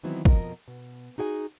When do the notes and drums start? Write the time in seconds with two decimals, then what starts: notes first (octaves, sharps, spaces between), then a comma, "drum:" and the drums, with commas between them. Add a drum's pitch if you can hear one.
0.03 D#3 E3 F#3 B3 C4 E4
0.25 F2 B2 F3 A#4 D#5, drum: kick
0.68 B2
1.18 D#4 F#4 G#4 G5 G#5